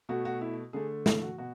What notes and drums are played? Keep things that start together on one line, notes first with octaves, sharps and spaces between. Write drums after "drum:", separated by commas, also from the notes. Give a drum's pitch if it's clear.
B2 A3 F#4
F#4
E4
D3 A3 G#4
E4, drum: snare
F#4
B2 F#4